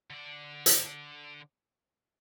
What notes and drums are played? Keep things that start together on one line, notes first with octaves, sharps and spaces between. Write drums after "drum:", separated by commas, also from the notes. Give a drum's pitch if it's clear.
D3 D5
drum: hi-hat